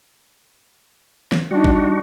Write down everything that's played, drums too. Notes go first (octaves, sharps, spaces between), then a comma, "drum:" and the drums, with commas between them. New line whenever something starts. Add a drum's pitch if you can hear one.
drum: snare
G3 D4 D#4 F#4
drum: kick G#1